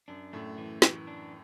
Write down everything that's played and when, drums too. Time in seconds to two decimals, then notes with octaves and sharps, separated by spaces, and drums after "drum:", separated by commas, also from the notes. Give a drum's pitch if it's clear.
0.08 F#2 D4
0.33 F#2 A2 A3
0.58 E3
0.82 E3, drum: snare
1.07 D4